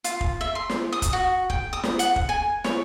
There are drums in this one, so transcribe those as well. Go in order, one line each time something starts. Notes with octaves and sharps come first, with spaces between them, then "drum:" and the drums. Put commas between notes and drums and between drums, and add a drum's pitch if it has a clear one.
F4, drum: hi-hat
drum: kick
E5
C6
drum: snare
D#6
drum: kick, hi-hat
F#4
G5, drum: kick
D#6
drum: snare
F#5, drum: hi-hat
drum: kick
G#5
C#5, drum: snare